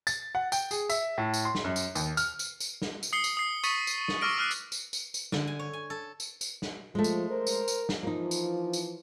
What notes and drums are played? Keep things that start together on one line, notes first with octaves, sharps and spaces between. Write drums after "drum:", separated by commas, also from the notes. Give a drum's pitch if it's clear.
A6, drum: tambourine
F#5
G5, drum: tambourine
G#4, drum: tambourine
E5, drum: tambourine
A2
drum: tambourine
C6
drum: snare
F#2
drum: tambourine
D#2, drum: tambourine
F6, drum: tambourine
drum: tambourine
drum: tambourine
drum: snare
drum: tambourine
D#6 C7 C#7 G7
drum: tambourine
D#6 C7
C#6 D#6 A6 B6 C#7 D#7, drum: tambourine
drum: tambourine
drum: snare
C#6 D6 E6 F6 A#6 D7
D#6 F6 F#6 C7
drum: tambourine
drum: tambourine
drum: tambourine
drum: tambourine
D3, drum: snare
G#5
C#5
G#5
A4
drum: tambourine
drum: tambourine
drum: snare
F3 G#3 A3
drum: tambourine
A#4 C5
drum: tambourine
drum: tambourine
drum: snare
E3 F3 A#3 D#4
drum: tambourine
drum: tambourine